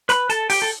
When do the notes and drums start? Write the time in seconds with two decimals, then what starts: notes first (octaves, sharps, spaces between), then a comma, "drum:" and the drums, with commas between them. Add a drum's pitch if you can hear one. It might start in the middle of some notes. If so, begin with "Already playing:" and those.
0.09 B4 B5, drum: hi-hat
0.29 A4 A5, drum: hi-hat
0.50 G4 G5, drum: open hi-hat
0.62 A4